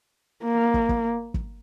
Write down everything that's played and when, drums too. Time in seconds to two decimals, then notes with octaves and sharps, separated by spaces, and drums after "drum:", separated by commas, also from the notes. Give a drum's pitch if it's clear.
0.44 A#3
0.74 drum: kick
0.89 drum: kick
1.34 drum: kick